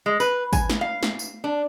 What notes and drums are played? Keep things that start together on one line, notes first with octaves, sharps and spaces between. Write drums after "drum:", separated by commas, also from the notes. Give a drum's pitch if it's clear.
G#3
B4, drum: tambourine
G#5, drum: kick, tambourine
drum: snare
F5
drum: snare
drum: tambourine
D4